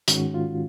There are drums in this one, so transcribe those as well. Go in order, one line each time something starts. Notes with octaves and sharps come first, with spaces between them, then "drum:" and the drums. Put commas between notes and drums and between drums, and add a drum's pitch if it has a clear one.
G#2 D#3 G#3 C#4 F#4, drum: hi-hat
F4